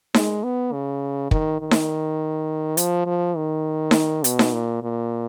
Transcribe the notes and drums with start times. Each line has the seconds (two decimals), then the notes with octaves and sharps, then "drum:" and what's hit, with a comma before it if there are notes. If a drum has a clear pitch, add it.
0.14 G#3, drum: snare D#4
0.44 B3
0.72 C#3
1.31 D#3, drum: kick
1.61 D#3
1.71 drum: snare D#4
2.77 F3, drum: hi-hat
3.06 F3
3.36 D#3
3.91 drum: snare D#4
4.24 B2, drum: hi-hat
4.39 drum: snare D#4
4.53 A#2
4.83 A#2